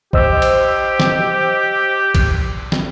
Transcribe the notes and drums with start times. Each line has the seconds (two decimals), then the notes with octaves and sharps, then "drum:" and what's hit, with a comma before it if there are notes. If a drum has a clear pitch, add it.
0.13 G4 C5 D#5 E6, drum: kick A1
0.42 drum: cymbal
1.00 drum: snare
2.15 drum: kick A1, cymbal
2.72 drum: snare